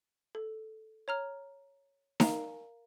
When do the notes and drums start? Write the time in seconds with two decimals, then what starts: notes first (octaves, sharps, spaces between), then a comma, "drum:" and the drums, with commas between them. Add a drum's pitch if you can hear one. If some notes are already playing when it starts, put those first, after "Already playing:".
0.35 A4
1.08 C#5 A#5 F6
2.20 A#4 F5 A#5, drum: snare D#4